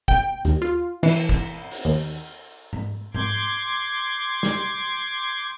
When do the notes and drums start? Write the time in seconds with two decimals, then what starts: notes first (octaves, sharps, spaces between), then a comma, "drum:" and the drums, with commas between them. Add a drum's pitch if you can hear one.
0.08 G5, drum: kick
0.45 D#2, drum: hi-hat
0.62 F4
1.03 E3, drum: cymbal
1.29 drum: kick
1.72 drum: open hi-hat
1.85 D#2
2.73 drum: tom G#2
3.15 C6 D6 G6 G#6, drum: tom G#2
4.43 drum: snare